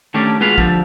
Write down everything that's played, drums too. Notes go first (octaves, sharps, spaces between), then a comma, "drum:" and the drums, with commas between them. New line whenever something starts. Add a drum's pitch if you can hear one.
D#3 A3 C#4 D4 G4
G#3 B3 F4 F#4 B4 F5
D3 F3 G3, drum: kick